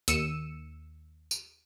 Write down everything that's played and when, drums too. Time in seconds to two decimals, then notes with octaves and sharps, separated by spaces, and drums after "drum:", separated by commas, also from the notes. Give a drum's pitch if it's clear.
0.08 D#2 E6 C#7 D#7 E7, drum: hi-hat
1.31 drum: tambourine